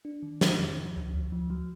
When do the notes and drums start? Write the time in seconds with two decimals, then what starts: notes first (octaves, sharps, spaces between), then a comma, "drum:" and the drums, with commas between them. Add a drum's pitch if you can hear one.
0.05 D4
0.23 D#3
0.41 D#3, drum: snare
0.59 F2
0.78 F3
0.96 D2
1.14 D2
1.32 F3
1.50 F#3